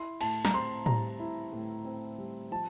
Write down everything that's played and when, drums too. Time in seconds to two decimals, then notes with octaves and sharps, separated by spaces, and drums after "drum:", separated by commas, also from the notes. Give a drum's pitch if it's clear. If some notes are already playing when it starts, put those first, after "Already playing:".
Already playing: E4 C6
0.21 A2 A5, drum: cymbal
0.45 A#5, drum: snare
0.53 C4 C6
0.86 G3 A#5, drum: tom A2
1.20 E4
1.52 A2
1.85 C4
2.18 G3
2.51 F3 A5